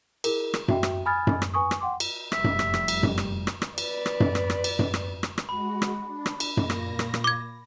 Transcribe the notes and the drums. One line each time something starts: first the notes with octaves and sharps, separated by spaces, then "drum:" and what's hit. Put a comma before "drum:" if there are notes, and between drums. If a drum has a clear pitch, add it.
E4 G#4 A#4, drum: cymbal
drum: rim click
F#4 E5 G5, drum: tom F#2
drum: rim click
G#5 B5 D#6 F6 G#6 A6
drum: tom F#2
drum: rim click
B4 G#5 C#6 D#6
drum: rim click
F#5 G5 C6 D6
drum: cymbal
F1 G3 E5, drum: rim click
drum: tom F#2
drum: rim click
drum: rim click
drum: cymbal
drum: tom F#2
drum: rim click
drum: rim click
drum: rim click
B4 D5, drum: cymbal
drum: rim click
drum: tom F#2
drum: rim click
drum: rim click
drum: cymbal
drum: tom F#2
drum: rim click
drum: rim click
drum: rim click
G#3 F#4 B5
drum: rim click
D4
drum: rim click
drum: cymbal
A#2 A#3 A#6, drum: tom F#2
drum: rim click
drum: rim click
drum: rim click
D6 G#6